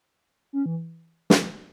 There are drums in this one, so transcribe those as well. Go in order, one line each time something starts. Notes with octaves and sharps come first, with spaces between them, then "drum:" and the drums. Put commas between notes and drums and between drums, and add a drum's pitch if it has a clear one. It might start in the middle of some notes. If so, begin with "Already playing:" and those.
C#4
E3
drum: snare